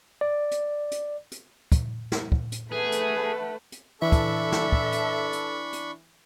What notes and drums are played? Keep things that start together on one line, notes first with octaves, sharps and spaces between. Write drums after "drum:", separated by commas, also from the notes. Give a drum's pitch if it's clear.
D5
drum: hi-hat
drum: hi-hat
drum: hi-hat
drum: kick, hi-hat
drum: snare
drum: kick
drum: hi-hat
A3 G#4 B4 F#5
drum: hi-hat
drum: hi-hat
E3 D4 A4 E5 B5 C#6
drum: kick, hi-hat
drum: snare
drum: kick
drum: hi-hat
drum: hi-hat
drum: hi-hat